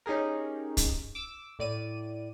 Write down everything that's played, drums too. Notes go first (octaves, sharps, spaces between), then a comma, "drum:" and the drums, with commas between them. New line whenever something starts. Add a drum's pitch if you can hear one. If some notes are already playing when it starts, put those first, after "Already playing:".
C#4 D#4 G4 G#4 A#4
drum: kick, hi-hat
D6 E6
A2 D5 D#7